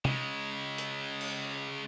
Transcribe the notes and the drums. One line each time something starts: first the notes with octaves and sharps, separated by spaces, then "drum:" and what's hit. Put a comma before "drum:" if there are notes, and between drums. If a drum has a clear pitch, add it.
C#3 G#3, drum: tom
drum: hi-hat
drum: cymbal